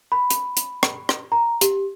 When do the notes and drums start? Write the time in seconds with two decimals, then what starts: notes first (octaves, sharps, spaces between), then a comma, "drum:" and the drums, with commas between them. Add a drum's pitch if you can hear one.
0.12 B5
0.31 drum: hi-hat
0.57 drum: hi-hat
0.83 drum: rim click
1.09 drum: rim click
1.32 A#5
1.61 G4, drum: hi-hat